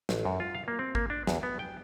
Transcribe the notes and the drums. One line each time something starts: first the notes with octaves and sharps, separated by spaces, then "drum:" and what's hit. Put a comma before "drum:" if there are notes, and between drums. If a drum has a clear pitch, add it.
A1, drum: snare
F#2
F4
F5
A#3
C4
A#3, drum: kick G#1
D4
E2, drum: snare
B3
G5